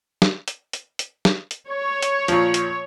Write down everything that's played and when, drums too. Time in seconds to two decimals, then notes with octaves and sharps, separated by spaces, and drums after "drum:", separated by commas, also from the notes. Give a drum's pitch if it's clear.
0.22 drum: snare
0.48 drum: hi-hat
0.73 drum: hi-hat
0.99 drum: hi-hat
1.25 drum: snare
1.51 drum: hi-hat
1.69 C#5
2.02 drum: hi-hat
2.28 A#2 F3, drum: hi-hat
2.54 drum: hi-hat